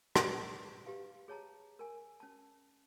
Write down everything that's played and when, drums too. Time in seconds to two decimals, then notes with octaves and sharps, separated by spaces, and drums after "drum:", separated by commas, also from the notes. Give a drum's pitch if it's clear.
0.16 D#4 B4 D5, drum: rim click
0.86 G4 B4 F5
1.28 G#4 C#5 A5 A#5
1.79 A#4 G#5
2.20 C#4 A5